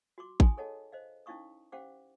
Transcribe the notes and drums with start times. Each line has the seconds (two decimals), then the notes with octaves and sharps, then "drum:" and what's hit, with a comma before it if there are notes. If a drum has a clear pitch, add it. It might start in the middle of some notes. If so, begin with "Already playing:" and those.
0.18 F#4 C6 D6
0.40 D#4 F#4 G#5 C6 D#6, drum: kick A1
0.57 G#4 A4 C#5 D#5 F#5 A5
0.92 C5 D#5 F5
1.26 C#4 D#4 E4 F5 C#6 D#6
1.72 C#4 G4 C5 F5 F#5 D6